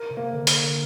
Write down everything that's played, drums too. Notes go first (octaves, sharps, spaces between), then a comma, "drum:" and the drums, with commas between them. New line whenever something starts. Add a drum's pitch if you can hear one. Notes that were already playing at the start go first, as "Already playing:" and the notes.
Already playing: A#4
C3
A#3
D3
drum: hi-hat